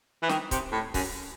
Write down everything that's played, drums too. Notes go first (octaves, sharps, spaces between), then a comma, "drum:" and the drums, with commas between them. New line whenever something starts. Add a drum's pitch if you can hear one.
E3
D#3, drum: snare
C3, drum: kick C#1, hi-hat
A2
F#2, drum: kick C#1, open hi-hat